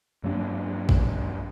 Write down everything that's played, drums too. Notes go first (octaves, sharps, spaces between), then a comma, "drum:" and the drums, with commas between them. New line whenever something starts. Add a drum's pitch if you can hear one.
G2 F#3 A#3 D4
drum: kick